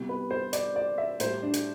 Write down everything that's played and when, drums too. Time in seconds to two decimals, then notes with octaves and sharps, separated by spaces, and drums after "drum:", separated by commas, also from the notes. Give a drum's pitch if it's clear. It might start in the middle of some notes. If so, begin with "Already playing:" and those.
Already playing: C2 B2 G3
0.09 B4
0.31 C5
0.53 D5, drum: hi-hat
0.76 D5
0.98 E5
1.20 A2 G3 C5, drum: hi-hat
1.43 D4
1.54 drum: hi-hat